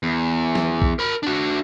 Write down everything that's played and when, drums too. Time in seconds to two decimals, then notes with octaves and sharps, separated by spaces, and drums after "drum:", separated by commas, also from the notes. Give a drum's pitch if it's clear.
0.03 E2
0.55 drum: snare
0.82 drum: kick
0.99 A#4 B5
1.23 D4 F#4